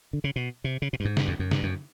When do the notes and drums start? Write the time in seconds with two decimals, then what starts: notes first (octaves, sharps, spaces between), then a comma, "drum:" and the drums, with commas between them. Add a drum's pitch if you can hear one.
0.13 D3
0.24 C#3
0.36 B2
0.64 C3
0.82 C#3
0.93 B2
1.00 G2
1.05 G#2
1.17 G2, drum: snare
1.28 F2
1.39 F#2
1.51 G2, drum: snare
1.63 F#2